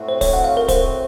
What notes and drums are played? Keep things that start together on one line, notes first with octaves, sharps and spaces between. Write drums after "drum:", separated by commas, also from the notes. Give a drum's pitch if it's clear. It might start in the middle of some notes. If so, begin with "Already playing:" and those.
Already playing: A2 A3 C4 F#4
C5
C#5, drum: kick, open hi-hat
F#5
F5
A#4
C5, drum: kick, hi-hat